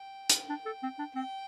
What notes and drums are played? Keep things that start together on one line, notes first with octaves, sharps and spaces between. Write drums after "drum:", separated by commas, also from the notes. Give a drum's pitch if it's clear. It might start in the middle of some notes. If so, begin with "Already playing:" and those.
Already playing: G5
drum: hi-hat
D4
A4
C4
D4
C4 G5